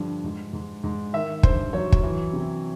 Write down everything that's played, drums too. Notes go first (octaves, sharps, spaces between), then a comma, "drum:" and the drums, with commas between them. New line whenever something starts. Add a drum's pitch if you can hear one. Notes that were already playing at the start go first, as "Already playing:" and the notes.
Already playing: G2 D3 F3
G#2
G#2
G#2
D#3 E5
G2 C5, drum: kick
F#3 C#5
drum: kick
E3
C3